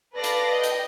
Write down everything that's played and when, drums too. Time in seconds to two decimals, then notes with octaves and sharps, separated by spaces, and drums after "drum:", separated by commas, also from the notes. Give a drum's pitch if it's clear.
0.14 A4 B4 D5 F5 A#6
0.24 drum: hi-hat
0.52 D#5 G5
0.63 drum: hi-hat